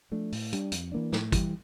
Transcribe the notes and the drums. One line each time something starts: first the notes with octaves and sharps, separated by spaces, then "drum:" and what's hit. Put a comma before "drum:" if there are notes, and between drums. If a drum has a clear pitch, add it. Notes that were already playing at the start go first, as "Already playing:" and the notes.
F3 A3 D4
A2, drum: open hi-hat
G3 D4, drum: hi-hat
F2, drum: hi-hat
E3 A#3 D4
A2, drum: snare
E3 G3, drum: kick, hi-hat